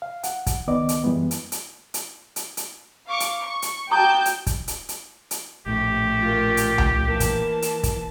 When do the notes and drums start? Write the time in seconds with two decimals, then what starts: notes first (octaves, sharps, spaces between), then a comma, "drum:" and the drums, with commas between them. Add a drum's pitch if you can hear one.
0.02 F5
0.23 F#5, drum: hi-hat
0.47 drum: kick, hi-hat
0.68 C#2 D#3 B3 D5 D#5 D6
0.89 drum: hi-hat
1.04 F#2 E3 G3 G#3 B3
1.31 drum: hi-hat
1.52 drum: hi-hat
1.94 drum: hi-hat
2.36 drum: hi-hat
2.57 drum: hi-hat
3.06 F5 C#6 D6
3.20 drum: hi-hat
3.41 C#6
3.62 drum: hi-hat
3.91 F#4 G5 A5 A#5 D6 D#6 G6
4.25 drum: hi-hat
4.47 drum: kick, hi-hat
4.68 drum: hi-hat
4.89 drum: hi-hat
5.31 drum: hi-hat
5.66 A#1 A2 A3 G4
6.20 F4 A#4
6.57 drum: hi-hat
6.78 drum: tom C#2
7.05 E3 A#3 A5
7.20 drum: kick, hi-hat
7.62 drum: hi-hat
7.83 drum: kick, hi-hat